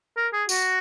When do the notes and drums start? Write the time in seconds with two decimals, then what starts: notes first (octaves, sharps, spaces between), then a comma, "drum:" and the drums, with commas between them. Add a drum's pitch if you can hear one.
0.17 A#4
0.33 G#4
0.49 F#4, drum: tambourine